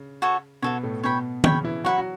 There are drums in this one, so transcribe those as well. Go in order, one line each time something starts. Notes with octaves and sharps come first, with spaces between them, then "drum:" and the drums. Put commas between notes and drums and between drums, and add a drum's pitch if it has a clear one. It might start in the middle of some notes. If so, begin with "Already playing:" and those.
Already playing: C#3
F#4 A4 C#5
B2 B3 F#4 A4 C#5
A2 A3
B2 B3 C#5 G5 B5
C#3 C#4 C#5 G5 B5, drum: tom
E3 E4
F#3 E4 F#4 B4 F#5 C#6
F#4